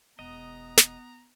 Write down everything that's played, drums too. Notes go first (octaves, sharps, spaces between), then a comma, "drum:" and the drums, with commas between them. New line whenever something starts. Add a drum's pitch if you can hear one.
E1 B3 D#5 A#5
drum: snare